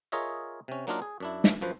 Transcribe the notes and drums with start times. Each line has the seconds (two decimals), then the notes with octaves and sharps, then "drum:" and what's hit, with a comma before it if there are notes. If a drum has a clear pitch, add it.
0.12 F4 G#4 A#4 C#5 D#5 E5
0.68 C3 C#4
0.87 F#3 A#3 D4 D#4 F4 A#4
1.02 G#4
1.20 F#2 D4 E4
1.44 drum: snare
1.61 F#2 F3 B4 C5